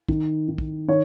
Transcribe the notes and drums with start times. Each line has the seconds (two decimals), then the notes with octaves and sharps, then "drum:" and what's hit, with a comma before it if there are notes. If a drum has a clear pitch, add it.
0.08 D#3, drum: kick
0.48 D#3
0.58 drum: kick
0.88 D#3 C#5